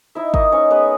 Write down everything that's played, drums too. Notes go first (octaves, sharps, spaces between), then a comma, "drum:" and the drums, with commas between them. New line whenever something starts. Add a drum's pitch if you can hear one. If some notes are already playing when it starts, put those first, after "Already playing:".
D#4 E4 E5
A#3 D#4 D#5, drum: kick
C#4 D#4 C#5
G#3 B3 B4